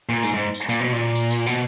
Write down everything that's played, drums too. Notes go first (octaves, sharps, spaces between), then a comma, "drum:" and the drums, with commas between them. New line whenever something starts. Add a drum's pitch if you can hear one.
A#2
G#2, drum: tambourine
G#2
drum: tambourine
A#2, drum: tambourine
B2
A#2
drum: tambourine
drum: tambourine
B2, drum: tambourine